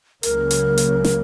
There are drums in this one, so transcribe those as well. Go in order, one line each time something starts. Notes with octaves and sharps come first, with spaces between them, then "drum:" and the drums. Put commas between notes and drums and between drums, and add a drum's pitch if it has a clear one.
C#2 C#3 F#3 A#3 A#4, drum: hi-hat
drum: hi-hat
drum: hi-hat
drum: snare